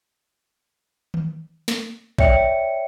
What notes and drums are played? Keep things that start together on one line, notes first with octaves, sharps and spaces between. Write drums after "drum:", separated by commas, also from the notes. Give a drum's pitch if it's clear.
drum: tom D#3
drum: snare
C#5 D5 E5 G5 C#7, drum: kick A#1